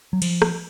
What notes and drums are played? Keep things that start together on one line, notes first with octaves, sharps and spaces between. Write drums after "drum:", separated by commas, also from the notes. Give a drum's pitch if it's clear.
F#3
F3, drum: cymbal
drum: rim click